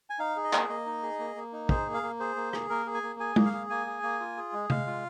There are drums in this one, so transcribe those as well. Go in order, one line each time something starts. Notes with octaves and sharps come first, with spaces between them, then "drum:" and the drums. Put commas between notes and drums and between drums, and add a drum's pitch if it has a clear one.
G#5
D#4 F5
G#4
D#5
A#3, drum: clap
A#3 D#5
D#4
G#4
A#3
A#3
D#4
G#4 C5, drum: kick
A#3
F5
A#3
G#4 C5
A#3
G#4, drum: rim click
A#3 A#4
G#4
G#5
A#3
G#4 G#5
A#3, drum: tom G#3
F5
G#4
A#3 G#5
G#4
A#3
F4
G#4
G#3
G#3 F5, drum: tom C3
F4